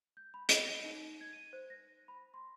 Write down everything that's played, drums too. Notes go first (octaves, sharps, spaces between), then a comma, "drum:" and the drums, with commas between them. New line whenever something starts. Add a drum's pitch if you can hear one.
G6
B5
D#5, drum: hi-hat
A#6
D#4
G#6
D#7
C5
A#6
B5
C6